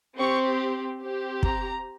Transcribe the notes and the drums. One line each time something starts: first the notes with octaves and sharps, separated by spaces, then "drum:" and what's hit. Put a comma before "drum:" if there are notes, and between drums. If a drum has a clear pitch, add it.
C4 G4 C#6
C4 G4
A#5, drum: kick